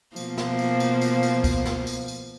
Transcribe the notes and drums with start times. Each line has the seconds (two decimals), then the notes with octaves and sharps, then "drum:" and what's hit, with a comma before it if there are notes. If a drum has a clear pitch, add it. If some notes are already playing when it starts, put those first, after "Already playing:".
0.16 B2 F3 A#3, drum: tambourine
0.37 drum: snare
0.59 drum: tambourine
0.80 drum: tambourine
1.01 drum: tambourine
1.23 drum: tambourine
1.44 drum: kick, tambourine
1.65 drum: snare
1.87 drum: tambourine
2.08 drum: tambourine